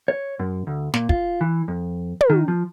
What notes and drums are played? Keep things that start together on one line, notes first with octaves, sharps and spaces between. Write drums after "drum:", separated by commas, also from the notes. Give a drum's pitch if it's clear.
C#5
F#2
D2
A#2, drum: snare
F4, drum: kick
E3
F2
drum: tom
D#3
F3